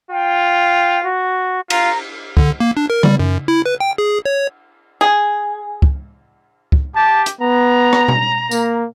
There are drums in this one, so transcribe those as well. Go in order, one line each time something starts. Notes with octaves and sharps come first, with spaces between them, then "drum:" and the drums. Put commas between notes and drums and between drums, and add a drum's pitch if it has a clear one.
F4 G5
F#4
F4 A#5, drum: cymbal
D3, drum: kick
A#3
D4
A#4
G3, drum: tom C#3
F#2
E4
B4
G5
G#4
C#5
G#4
drum: kick
drum: kick
G4 A5
drum: hi-hat
B3 A#5
drum: rim click
drum: tom B2
A#3, drum: tambourine